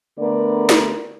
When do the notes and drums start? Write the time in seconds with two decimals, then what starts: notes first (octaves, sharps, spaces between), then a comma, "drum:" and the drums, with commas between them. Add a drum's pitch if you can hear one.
0.19 D3 A3 B3 A#4 D5
0.70 drum: snare